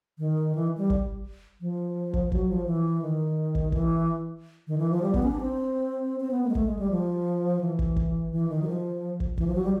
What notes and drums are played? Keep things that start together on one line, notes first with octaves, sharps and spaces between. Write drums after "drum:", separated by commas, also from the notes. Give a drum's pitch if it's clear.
D#3
E3
G3
drum: kick
F3
drum: kick
F#3, drum: kick
F3
E3
D#3
drum: kick
E3, drum: kick
D#3
E3
F3
G3
B3, drum: kick
C#4
D4
C4
C4
B3
A#3
G#3
A3, drum: kick
G#3
G3
F3
E3
drum: kick
drum: kick
E3
D#3
F#3
F3
drum: kick
E3, drum: kick
F3
F#3
G3